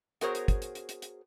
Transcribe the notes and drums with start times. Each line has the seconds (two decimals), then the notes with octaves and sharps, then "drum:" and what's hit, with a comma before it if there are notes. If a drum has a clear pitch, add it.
0.21 B3 F#4 G#4 A#4 C5 C#5, drum: hi-hat
0.35 drum: hi-hat
0.48 drum: kick, hi-hat
0.62 drum: hi-hat
0.75 drum: hi-hat
0.89 drum: hi-hat
1.02 drum: hi-hat